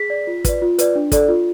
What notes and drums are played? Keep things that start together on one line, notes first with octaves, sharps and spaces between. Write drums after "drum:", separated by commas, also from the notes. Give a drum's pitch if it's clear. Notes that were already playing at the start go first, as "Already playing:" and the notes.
Already playing: G#4 B6
D5
F4
B4 D5, drum: kick, hi-hat
F4
B4 D5, drum: hi-hat
D4
A4 D5, drum: kick, hi-hat
F4